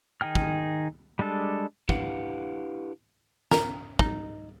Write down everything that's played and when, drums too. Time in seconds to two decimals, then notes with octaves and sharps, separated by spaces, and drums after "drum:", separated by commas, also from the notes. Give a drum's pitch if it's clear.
0.21 D#3 D#4 G#4 G5 F6
0.35 drum: kick
1.19 G3 G#3 D4 A4
1.89 D4 E4 G4 B4 F5 F#5, drum: kick
3.51 A#4, drum: snare
3.99 D#4, drum: kick